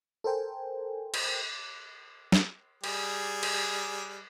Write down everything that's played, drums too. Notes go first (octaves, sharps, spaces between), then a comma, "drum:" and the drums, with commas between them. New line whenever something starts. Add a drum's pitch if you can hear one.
A4 A#4 C5 G5 G#5
drum: cymbal
drum: snare
G3 G#4, drum: cymbal
drum: cymbal